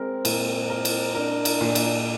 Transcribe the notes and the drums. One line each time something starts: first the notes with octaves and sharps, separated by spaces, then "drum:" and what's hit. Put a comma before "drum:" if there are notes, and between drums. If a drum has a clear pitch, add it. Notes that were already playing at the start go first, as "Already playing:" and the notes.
Already playing: G#3 C4 A#4
A#2, drum: cymbal
A#4
drum: cymbal
D4 A#4
drum: cymbal
A#2
drum: cymbal